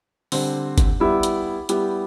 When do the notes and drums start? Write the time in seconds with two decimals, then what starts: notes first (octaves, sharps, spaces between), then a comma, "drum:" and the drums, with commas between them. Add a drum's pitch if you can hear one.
0.32 D3 G3 C4, drum: open hi-hat
0.78 drum: kick G1, hi-hat
1.00 G3 B3 E4 G4
1.23 drum: hi-hat
1.69 G3 B3 E4 G4, drum: hi-hat